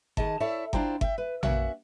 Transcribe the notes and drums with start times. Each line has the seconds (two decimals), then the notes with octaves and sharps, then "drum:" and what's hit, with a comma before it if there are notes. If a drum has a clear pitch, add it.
0.17 D#3 G#4 D#5 A5, drum: kick G1
0.40 E4 A4 C#5 D5 E5
0.73 D4 E4 F4 C5 G5 A#5, drum: kick G1
1.01 E5 G5, drum: kick G1
1.18 B4
1.43 A#3 C#4 F#4 E5 F#5, drum: tom A#1